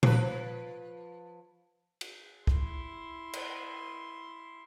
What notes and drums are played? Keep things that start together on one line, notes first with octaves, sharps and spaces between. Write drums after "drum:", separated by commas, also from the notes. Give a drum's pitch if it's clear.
F3 B4, drum: tom A#2
drum: cymbal
E4 C6, drum: kick
drum: cymbal